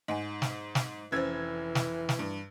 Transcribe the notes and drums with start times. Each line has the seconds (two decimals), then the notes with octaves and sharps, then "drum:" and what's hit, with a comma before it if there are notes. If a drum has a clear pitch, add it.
0.08 G#2 D#5 F#5 G#5
0.42 drum: snare
0.75 drum: snare
1.12 F1 E3 C#4 C5 E6 G#6
1.75 drum: snare
2.09 drum: snare
2.19 G2